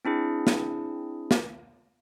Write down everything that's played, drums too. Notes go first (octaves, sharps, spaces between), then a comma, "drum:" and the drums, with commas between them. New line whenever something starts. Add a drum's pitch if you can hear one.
C4 D4 E4 G#4
drum: snare
drum: snare